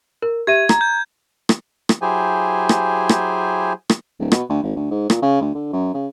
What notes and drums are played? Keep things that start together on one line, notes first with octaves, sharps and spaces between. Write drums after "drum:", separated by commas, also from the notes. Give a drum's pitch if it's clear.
A#4
G4 E5 G#6 D#7
A#5, drum: rim click
G6
drum: rim click
drum: rim click
F#3 E4 G4 G#4 C5 G#5
drum: rim click
drum: rim click
drum: rim click
D1
B2, drum: rim click
D2
G#1
D2
G#2
A#2, drum: rim click
C#3
D2
D3
F#2
C#3